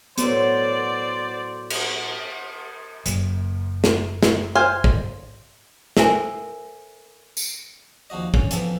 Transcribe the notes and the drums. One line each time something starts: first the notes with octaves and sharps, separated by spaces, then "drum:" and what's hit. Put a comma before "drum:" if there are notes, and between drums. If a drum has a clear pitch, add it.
A2 F#3 B3 C5 D5, drum: hi-hat
drum: cymbal
F#1, drum: hi-hat
drum: snare
drum: snare
C5 F5 G#5
drum: kick
A4 A#4 C5 E5 G#5, drum: snare
drum: tambourine
D#2 F3 F#4 D#5
C#4, drum: kick
E3 F3 B3 A4 A#4, drum: hi-hat